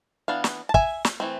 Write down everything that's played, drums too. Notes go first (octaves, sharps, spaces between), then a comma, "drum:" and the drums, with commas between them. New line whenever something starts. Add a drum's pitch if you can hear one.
E3 B3 D4 F5
drum: snare
A5
E5 G#5, drum: kick
drum: snare
E3 A3 C4